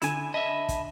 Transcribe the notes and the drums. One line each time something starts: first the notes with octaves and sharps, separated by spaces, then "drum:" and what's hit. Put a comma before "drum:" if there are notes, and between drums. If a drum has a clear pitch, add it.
D3 E4 G#5 E7, drum: hi-hat
D#5 E5 A5 B5
drum: kick, hi-hat